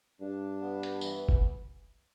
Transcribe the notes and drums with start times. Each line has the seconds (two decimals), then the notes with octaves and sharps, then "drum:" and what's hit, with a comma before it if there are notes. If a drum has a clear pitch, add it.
0.21 G2 D4
0.61 B3
0.83 drum: hi-hat
1.01 E3, drum: tambourine
1.29 drum: kick